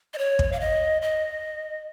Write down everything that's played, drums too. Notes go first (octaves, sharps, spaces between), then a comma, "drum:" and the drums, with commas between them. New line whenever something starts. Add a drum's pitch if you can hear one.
D#5
C#5
drum: kick
F5
D#5
D#5